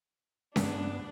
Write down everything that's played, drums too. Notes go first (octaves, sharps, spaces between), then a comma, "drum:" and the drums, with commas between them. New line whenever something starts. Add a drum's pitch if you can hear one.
G2 B3 D4, drum: snare C#4